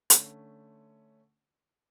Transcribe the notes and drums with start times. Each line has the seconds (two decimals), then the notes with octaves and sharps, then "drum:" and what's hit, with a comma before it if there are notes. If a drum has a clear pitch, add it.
0.10 D3 A3 C#4, drum: hi-hat